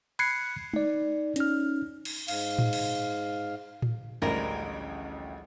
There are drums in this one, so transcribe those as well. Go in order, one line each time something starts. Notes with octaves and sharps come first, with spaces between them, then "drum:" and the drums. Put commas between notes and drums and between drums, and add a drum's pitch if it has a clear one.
B5 F#6 G#6 C7 C#7, drum: cymbal
D#4 D5, drum: tom
C#4 D#4 F6, drum: hi-hat
drum: cymbal
G#2 F5, drum: cymbal
drum: tom A2
drum: cymbal
drum: tom A2
A1 D2 F3 G3 G#3 A#4